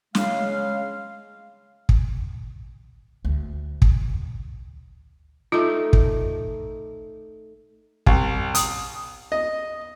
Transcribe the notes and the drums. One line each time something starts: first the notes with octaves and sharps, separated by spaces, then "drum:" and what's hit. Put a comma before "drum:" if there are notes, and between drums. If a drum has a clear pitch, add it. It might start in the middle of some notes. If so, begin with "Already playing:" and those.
C#3 G#3 F5, drum: snare
drum: kick
D2
drum: kick
A3 D#4 F4
drum: kick
C2, drum: kick
D#6, drum: hi-hat
D#5